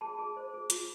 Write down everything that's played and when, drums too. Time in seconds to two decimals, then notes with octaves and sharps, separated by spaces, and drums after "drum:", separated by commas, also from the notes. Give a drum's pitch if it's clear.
0.01 G#4 A5 B5
0.19 G#4
0.37 C5
0.54 G#4
0.70 F4, drum: hi-hat